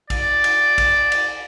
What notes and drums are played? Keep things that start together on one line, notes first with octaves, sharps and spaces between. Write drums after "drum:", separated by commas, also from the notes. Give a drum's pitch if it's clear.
D5, drum: kick A#1, cymbal
drum: cymbal
drum: kick A#1, cymbal
drum: cymbal